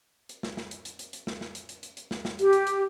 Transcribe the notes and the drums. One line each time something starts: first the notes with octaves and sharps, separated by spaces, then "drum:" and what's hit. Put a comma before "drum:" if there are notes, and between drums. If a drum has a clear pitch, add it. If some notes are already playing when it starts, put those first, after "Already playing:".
drum: hi-hat
drum: snare
drum: snare
drum: hi-hat
drum: hi-hat
drum: hi-hat
drum: hi-hat
drum: snare
drum: snare
drum: hi-hat
drum: hi-hat
drum: hi-hat
drum: hi-hat
drum: snare
drum: snare
G4, drum: hi-hat
drum: hi-hat
drum: hi-hat